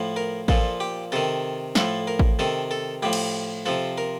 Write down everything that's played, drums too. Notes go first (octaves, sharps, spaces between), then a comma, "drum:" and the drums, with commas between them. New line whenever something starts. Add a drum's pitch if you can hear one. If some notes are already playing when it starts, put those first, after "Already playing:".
Already playing: A2 F3
A#4
A#2 F3 A4, drum: kick A1
G4
C3 D#3 A4
A2 F3 A4, drum: snare
A#4
drum: kick A1
C3 D#3 A4
A4
A2 F3 G4
drum: cymbal
C3 F3 A4
A#4